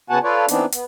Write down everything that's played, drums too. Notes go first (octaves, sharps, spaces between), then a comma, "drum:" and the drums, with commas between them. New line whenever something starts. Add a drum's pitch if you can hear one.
C#3 B3 F#4 F#5 G#5 A5
F4 A4 B4 C#5 D5
E3 B3 C4 D4 D#4, drum: hi-hat
B3, drum: hi-hat